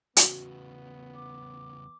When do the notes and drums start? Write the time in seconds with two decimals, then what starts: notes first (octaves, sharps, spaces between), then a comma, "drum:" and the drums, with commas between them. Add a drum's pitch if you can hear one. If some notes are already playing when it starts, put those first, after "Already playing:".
0.17 E2 C#3 B3 F#4, drum: hi-hat
1.15 D6